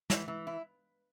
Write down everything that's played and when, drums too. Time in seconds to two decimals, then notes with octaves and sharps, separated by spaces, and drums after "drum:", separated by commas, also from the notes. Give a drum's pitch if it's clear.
0.10 E3, drum: snare
0.28 E3
0.47 E4